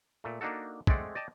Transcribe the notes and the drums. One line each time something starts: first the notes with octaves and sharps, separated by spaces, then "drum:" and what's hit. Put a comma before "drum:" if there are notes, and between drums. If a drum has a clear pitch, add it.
A#2 A3
A#3 D4 D#4 F#4 A4
G#3 A3 C4 D5 F#5, drum: kick
D5 D#5 G5 A5